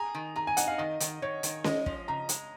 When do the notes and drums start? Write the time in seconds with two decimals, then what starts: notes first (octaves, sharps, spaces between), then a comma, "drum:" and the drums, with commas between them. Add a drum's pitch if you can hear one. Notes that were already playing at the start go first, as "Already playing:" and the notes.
Already playing: G#4 A#5
0.15 D#3
0.36 G#4 A#5
0.47 G#5
0.57 D#4 F#5, drum: hi-hat
0.68 F5
0.78 D#3 D#5
1.00 D#3, drum: hi-hat
1.22 D#3 C#5
1.43 D#3, drum: hi-hat
1.64 G#3 D#5, drum: snare C#4
1.86 F3, drum: kick
2.08 C#3 A#5
2.29 G#3, drum: hi-hat